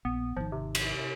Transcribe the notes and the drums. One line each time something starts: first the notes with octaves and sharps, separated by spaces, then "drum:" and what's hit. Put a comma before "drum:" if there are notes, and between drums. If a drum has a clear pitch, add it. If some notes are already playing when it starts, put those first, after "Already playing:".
A#1 B3
G#1 D#3 F3
C3
drum: cymbal